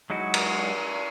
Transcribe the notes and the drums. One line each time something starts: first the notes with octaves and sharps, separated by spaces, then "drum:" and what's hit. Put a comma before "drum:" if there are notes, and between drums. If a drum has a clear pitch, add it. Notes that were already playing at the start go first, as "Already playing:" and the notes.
F#3 G#3 D#4 E4 F#4
drum: cymbal